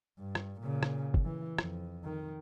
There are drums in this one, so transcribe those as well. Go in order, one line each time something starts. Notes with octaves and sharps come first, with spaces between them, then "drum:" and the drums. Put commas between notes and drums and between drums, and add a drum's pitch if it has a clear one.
G2
drum: rim click
A#2 C#3
drum: rim click
drum: kick
E3
F2, drum: rim click
D#3